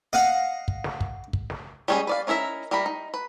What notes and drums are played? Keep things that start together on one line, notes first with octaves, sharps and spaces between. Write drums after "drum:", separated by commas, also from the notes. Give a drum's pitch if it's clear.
D#5 F5 F#5
drum: kick
drum: snare
drum: kick
drum: kick
drum: snare
G3 G#3 C#4 D#4 G#4
B4 D5 F5
C#4 D#4 E4 A#4 E5
G3 E4 A#4 B5
D#4
B4